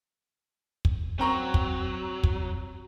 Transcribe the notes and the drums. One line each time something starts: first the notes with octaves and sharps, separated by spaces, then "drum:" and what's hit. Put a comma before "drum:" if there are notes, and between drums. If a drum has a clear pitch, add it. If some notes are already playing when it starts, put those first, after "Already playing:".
drum: kick
F#3 C4 A#5 C#6
drum: kick
drum: kick